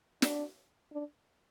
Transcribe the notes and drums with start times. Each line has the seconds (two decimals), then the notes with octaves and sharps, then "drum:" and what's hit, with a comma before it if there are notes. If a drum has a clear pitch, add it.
0.22 D4, drum: snare
0.92 D4